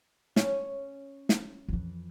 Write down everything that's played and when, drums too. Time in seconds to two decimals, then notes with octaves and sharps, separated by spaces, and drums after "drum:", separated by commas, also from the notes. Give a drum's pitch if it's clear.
0.36 C#4, drum: snare
1.29 drum: snare
1.68 F2 E3